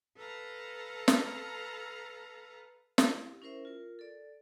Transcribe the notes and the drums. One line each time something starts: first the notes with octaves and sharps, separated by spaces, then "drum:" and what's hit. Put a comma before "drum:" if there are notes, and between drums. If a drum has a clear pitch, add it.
A4 B4 F5 A5 A#5
drum: snare
E4 G4 F5, drum: snare
C#4 E4 A#4 C5 E5
F4 A#4
A4 D5